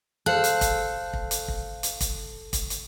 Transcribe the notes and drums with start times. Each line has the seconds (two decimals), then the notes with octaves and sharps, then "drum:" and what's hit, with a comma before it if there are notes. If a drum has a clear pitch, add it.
0.26 A4 C5 F5 F#6
0.44 drum: hi-hat
0.61 drum: kick, hi-hat
1.13 drum: kick
1.31 drum: hi-hat
1.48 drum: kick
1.83 drum: hi-hat
2.01 drum: kick, hi-hat
2.53 drum: kick, hi-hat
2.70 drum: hi-hat